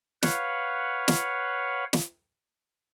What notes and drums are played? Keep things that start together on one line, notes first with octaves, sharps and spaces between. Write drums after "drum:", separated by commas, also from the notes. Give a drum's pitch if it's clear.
B4 C#5 F5 F#5, drum: snare
drum: snare
drum: snare